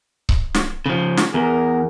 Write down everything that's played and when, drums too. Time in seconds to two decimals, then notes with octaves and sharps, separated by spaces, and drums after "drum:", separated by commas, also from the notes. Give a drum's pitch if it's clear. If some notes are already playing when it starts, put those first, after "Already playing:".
0.29 drum: kick C#1
0.54 drum: snare
0.86 C#3 F3
1.17 drum: snare
1.34 E2 G#4 A#4